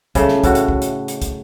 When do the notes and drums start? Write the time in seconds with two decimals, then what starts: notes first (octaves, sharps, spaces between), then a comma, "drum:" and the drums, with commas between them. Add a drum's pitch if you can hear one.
0.15 C#3 A3, drum: kick, hi-hat
0.29 drum: snare
0.44 A2 F#4, drum: kick, hi-hat
0.55 drum: hi-hat
0.68 drum: kick
0.82 drum: hi-hat
1.08 drum: hi-hat
1.22 drum: kick, hi-hat